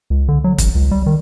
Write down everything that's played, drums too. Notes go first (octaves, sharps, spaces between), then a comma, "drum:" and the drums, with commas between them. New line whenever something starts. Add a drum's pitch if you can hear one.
C#2
D3
F#3
A1, drum: kick, hi-hat
C#2
G3
D#3